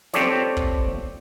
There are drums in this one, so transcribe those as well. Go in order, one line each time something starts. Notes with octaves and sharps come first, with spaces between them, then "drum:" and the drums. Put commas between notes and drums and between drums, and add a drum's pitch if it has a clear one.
C4 F4 G4 A4 C#5 D5, drum: snare
drum: kick